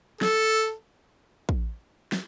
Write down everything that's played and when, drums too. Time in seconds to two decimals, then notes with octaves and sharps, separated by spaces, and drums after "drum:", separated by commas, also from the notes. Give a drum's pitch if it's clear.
0.21 A4, drum: snare
1.49 drum: kick
2.12 drum: snare